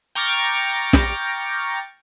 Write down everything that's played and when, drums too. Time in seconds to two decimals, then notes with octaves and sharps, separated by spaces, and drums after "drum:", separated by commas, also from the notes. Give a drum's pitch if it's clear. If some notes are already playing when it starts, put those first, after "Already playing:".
0.15 G5 A#5 C#6 D6 F6 A6
0.93 drum: snare